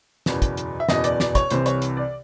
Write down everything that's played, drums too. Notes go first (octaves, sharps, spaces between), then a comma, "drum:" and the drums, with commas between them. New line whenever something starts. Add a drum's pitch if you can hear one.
F#1 E2 B2, drum: snare
drum: kick, hi-hat
drum: hi-hat
E5
F#1 E2 B2 D#5, drum: snare
D5, drum: hi-hat
D5, drum: snare
C#5, drum: kick, hi-hat
C2 C3 E3 C5, drum: hi-hat
C#5, drum: hi-hat
drum: hi-hat
D5